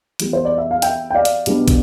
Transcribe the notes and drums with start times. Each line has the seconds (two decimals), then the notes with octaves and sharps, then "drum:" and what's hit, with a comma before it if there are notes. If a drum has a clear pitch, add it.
0.20 E3 G3 B3, drum: hi-hat
0.33 C5
0.45 D5
0.58 E5
0.71 F5
0.82 E5 G5, drum: hi-hat
1.10 G5
1.14 D5 F5
1.25 drum: hi-hat
1.46 B2 G3 B3 D4, drum: hi-hat
1.68 drum: kick, hi-hat